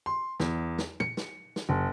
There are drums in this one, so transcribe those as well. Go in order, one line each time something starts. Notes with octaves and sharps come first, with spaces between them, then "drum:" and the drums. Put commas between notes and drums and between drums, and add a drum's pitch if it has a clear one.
C6
E2, drum: snare
drum: snare
C#7, drum: tom
drum: snare
drum: snare
F#1